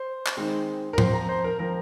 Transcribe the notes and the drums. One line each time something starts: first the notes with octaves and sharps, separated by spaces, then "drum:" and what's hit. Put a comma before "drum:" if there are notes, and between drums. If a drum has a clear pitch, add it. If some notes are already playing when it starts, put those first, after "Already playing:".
Already playing: C5
drum: clap
D#3 G#3 C4
A#4
F3 C4 C5, drum: tom A2
A#5
C5
A#4
F3 C4 A#4